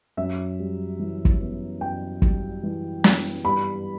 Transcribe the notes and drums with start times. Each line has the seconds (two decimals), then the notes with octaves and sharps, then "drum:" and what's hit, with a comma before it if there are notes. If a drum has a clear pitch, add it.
0.17 F#2 E5
0.59 G3
0.99 E3
1.25 drum: kick
1.40 B3
1.81 F#2 G5
2.22 G3, drum: kick
2.63 E3
3.04 B3, drum: snare
3.45 G2 B5